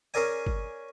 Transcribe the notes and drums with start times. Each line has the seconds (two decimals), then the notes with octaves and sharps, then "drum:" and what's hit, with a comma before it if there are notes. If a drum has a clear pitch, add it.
0.14 C#4 G#4 A#4 D5 G#5
0.47 drum: kick G1